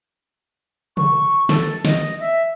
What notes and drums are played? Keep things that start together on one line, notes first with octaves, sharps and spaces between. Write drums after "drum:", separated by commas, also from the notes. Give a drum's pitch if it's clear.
C#6, drum: tom C3
A4, drum: snare
D#5, drum: snare
E5